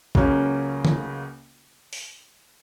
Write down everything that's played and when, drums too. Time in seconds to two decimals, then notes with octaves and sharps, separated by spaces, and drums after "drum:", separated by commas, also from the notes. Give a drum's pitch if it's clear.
0.15 C#2 C#3 F#3 A#3 C#4, drum: kick
0.85 drum: tom D3
1.93 drum: open hi-hat